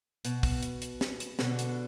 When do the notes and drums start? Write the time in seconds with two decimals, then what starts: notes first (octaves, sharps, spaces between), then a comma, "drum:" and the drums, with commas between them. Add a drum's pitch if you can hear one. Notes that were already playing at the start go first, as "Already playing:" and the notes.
0.25 B2, drum: hi-hat
0.43 drum: kick, open hi-hat
0.62 drum: hi-hat
0.82 drum: hi-hat
1.01 drum: snare
1.20 drum: hi-hat
1.39 B2 D3, drum: snare
1.59 drum: hi-hat